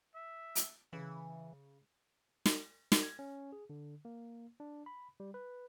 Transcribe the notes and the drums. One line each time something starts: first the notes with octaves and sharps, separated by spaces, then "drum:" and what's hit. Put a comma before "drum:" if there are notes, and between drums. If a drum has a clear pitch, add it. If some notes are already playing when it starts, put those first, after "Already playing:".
E5
drum: hi-hat
C#3 E3
drum: snare
G#3, drum: snare
G#6
C#4
G#4
D3
A#3
D4
B5
G3
B4